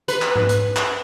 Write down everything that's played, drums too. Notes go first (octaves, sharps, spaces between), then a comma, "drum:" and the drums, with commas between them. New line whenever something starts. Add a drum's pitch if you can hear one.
B4, drum: hi-hat
drum: clap
drum: tom G#2
drum: hi-hat
drum: clap